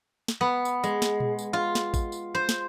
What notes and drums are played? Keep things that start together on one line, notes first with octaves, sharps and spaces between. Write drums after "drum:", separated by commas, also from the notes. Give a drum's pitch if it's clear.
drum: snare
B3
drum: tambourine
G#3, drum: tambourine
drum: snare
drum: tom A#2
drum: tambourine
F4
drum: snare
drum: kick A1, tambourine
drum: tambourine
C5
drum: snare